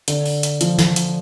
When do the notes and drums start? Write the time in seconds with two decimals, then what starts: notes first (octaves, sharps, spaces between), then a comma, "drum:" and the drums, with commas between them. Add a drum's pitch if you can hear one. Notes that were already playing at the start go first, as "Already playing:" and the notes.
0.08 D3, drum: hi-hat
0.26 drum: open hi-hat
0.43 drum: hi-hat
0.61 F3, drum: hi-hat
0.79 drum: snare
0.96 drum: hi-hat